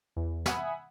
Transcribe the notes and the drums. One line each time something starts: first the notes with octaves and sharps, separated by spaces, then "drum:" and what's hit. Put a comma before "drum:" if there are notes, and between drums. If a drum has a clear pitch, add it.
E2 E3
E5 F#5 G#5 B5 D#6, drum: snare